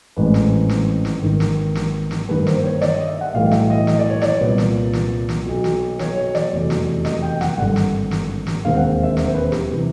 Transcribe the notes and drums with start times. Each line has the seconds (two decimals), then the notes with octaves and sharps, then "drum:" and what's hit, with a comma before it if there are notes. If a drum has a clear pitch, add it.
0.16 A1 G#2 E3 G#3 C4 B4
0.34 drum: snare
0.69 drum: snare
1.05 drum: snare
1.22 G#1 G#2 D#3
1.40 drum: snare
1.75 drum: snare
2.11 drum: snare
2.29 G2 D#3 G3 A#3 B4
2.47 C5, drum: snare
2.64 C#5
2.82 D5, drum: snare
2.94 D#5
3.07 E5
3.21 F#5
3.34 B1 A2 E3 G3 F5
3.51 E5, drum: snare
3.70 D#5
3.87 D#5, drum: snare
3.99 D5
4.10 C#5
4.21 D5, drum: snare
4.41 C2 A#2 G3 B3
4.58 drum: snare
4.93 drum: snare
5.29 drum: snare
5.46 B1 B2 F#3
5.64 drum: snare
5.99 C#5, drum: snare
6.16 C#5
6.35 D5, drum: snare
6.53 F1 E2 B2
6.70 drum: snare
7.05 D#5, drum: snare
7.22 G5
7.41 F#5, drum: snare
7.58 G#1 G2 D3 G3 F#5
7.76 drum: snare
8.11 drum: snare
8.47 drum: snare
8.64 E1 D#2 D#3 G#3 C4 F5
8.77 F#5
9.03 E5
9.17 C5, drum: snare
9.34 B4
9.52 G4, drum: snare
9.71 C3 E3